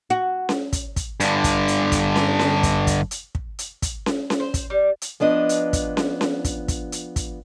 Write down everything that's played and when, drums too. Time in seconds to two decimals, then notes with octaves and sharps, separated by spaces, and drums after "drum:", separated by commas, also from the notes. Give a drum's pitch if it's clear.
0.10 F#4
0.49 drum: snare C#4
0.73 drum: kick, hi-hat
0.96 drum: kick, hi-hat
1.20 G2 D3, drum: hi-hat
1.44 drum: kick, hi-hat
1.68 drum: hi-hat
1.92 drum: kick, hi-hat
2.16 drum: snare C#4
2.39 drum: snare C#4
2.63 drum: kick, hi-hat
2.87 drum: kick, hi-hat
3.11 drum: hi-hat
3.35 drum: kick
3.59 drum: hi-hat
3.82 drum: kick, hi-hat
4.06 drum: snare C#4
4.30 drum: snare C#4
4.40 C5
4.54 drum: kick, hi-hat
4.70 G3
5.02 drum: hi-hat
5.20 F3 B3 D4 D#5
5.49 drum: hi-hat
5.73 drum: kick, hi-hat
5.97 drum: snare C#4
6.21 drum: snare C#4
6.45 drum: kick, hi-hat
6.68 drum: kick, hi-hat
6.92 drum: hi-hat
7.16 drum: kick, hi-hat